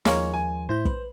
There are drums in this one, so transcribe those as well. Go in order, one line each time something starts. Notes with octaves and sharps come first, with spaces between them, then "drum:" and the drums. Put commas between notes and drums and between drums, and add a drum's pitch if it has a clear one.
D#2 F3 G#3 A#3 C#4 C#5, drum: snare
G#5
A2 E4 C5 G6
B4, drum: kick